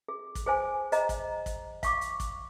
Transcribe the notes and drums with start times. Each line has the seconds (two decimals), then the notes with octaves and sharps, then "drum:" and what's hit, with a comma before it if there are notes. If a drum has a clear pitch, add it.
0.08 G#4
0.35 drum: kick, hi-hat
0.46 G#4 C5 G#5
0.92 G#4 C5 D#5 A#5, drum: hi-hat
1.09 drum: kick, hi-hat
1.46 drum: kick, hi-hat
1.83 F5 C#6 D6, drum: kick, hi-hat
2.01 drum: hi-hat
2.20 drum: kick, hi-hat